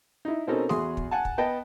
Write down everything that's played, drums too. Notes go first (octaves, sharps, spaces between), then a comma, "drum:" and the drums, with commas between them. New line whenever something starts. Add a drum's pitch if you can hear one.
D#4 E4
B2 C4 C#4 D#4 A4 A#4
E2 F#4 G#4 C6 D#6, drum: snare A3
drum: kick
F#5 G#5 A5
drum: kick
B3 D#5 G5 A5